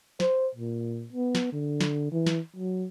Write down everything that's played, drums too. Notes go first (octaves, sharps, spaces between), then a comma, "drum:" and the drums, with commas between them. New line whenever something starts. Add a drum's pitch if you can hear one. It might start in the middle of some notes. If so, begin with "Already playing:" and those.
C5, drum: snare
A#2
B3
drum: snare
D3
drum: snare
E3
drum: snare
F#3